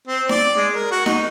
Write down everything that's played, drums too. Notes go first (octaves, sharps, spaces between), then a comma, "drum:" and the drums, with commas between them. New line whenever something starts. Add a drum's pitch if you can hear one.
C4
D5, drum: snare D#4
G#3
A#4
F#4
D#4, drum: snare D#4